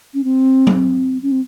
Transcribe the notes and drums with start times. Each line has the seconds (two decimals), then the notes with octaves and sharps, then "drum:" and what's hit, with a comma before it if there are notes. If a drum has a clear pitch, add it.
0.14 C#4
0.24 C4
0.67 A#3, drum: tom F#3
0.73 C4
1.23 C#4
1.32 C4